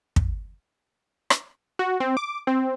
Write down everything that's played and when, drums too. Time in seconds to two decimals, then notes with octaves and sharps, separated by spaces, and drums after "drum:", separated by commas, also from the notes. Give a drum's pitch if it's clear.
0.16 drum: kick
1.30 drum: rim click
1.79 F#4
2.00 C4
2.17 D6
2.47 C4